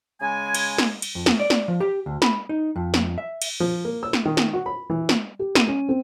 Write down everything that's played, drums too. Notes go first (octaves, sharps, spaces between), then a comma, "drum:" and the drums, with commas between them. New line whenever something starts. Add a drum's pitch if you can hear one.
C#3 G#3 G#5
drum: cymbal
drum: snare
drum: cymbal
F2
drum: snare
D5
drum: snare
F3
G4
D2
B5, drum: snare
D#4
F2
drum: snare
E5
drum: cymbal
F3
A#3
E6
drum: snare
D#3
drum: snare
F#4
B5
E3
drum: snare
G4
D#7, drum: snare
C#4
C4